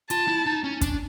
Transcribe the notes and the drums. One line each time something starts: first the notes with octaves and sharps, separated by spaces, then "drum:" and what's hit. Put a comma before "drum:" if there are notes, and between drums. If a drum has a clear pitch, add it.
F4 A5, drum: hi-hat
E4
D#4
C#4
D4, drum: kick, hi-hat